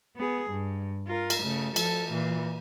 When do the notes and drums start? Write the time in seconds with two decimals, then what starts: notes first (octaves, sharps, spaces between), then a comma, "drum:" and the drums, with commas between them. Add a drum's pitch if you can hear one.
0.17 B3 G#4
0.50 G2
1.07 F4 A#4
1.30 drum: cymbal
1.43 C#3 A3
1.76 F3 A4, drum: cymbal
2.08 A#2 E3